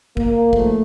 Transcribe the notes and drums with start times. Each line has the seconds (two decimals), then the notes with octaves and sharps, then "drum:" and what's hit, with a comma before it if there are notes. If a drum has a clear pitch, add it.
0.17 A#3, drum: kick
0.53 D#2 F3 A3, drum: kick